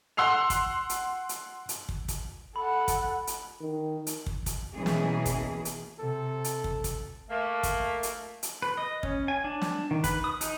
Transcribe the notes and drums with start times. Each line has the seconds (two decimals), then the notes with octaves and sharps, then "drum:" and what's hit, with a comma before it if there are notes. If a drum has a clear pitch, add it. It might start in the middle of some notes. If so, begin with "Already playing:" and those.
0.17 F#5 C6 E6 C7 F7
0.50 drum: kick, hi-hat
0.89 drum: hi-hat
1.29 drum: hi-hat
1.69 drum: hi-hat
1.89 drum: kick
2.08 drum: kick, hi-hat
2.56 A4 F#5 B5
2.88 drum: kick, hi-hat
3.27 drum: hi-hat
3.61 D#3
4.07 drum: hi-hat
4.26 drum: kick
4.46 drum: kick, hi-hat
4.74 B2 E3 A#3 C#4 G#4
4.86 drum: snare
5.26 drum: kick, hi-hat
5.65 drum: hi-hat
6.00 C3 A4
6.44 drum: hi-hat
6.64 drum: kick
6.84 drum: kick, hi-hat
7.30 A3 A#3
7.63 drum: kick, hi-hat
8.03 drum: hi-hat
8.43 drum: hi-hat
8.62 B4
8.77 D#5
9.03 C#4, drum: kick
9.28 G#5
9.44 D4
9.62 drum: snare
9.91 D#3
10.04 B4, drum: kick, hi-hat
10.24 D#6
10.41 D#4, drum: hi-hat